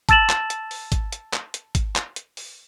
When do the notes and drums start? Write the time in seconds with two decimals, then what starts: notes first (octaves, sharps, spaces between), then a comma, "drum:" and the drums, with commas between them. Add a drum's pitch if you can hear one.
0.09 A5 E6 A6 E7 F#7, drum: kick, hi-hat
0.29 drum: clap
0.50 drum: hi-hat
0.71 drum: open hi-hat
0.92 drum: kick, hi-hat
1.12 drum: hi-hat
1.33 drum: clap
1.54 drum: hi-hat
1.75 drum: kick, hi-hat
1.96 drum: clap
2.16 drum: hi-hat
2.37 drum: open hi-hat